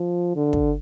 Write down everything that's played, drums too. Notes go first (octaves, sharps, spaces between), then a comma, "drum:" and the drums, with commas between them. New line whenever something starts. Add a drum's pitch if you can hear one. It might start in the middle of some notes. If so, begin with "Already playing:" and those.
Already playing: F3
D3
drum: kick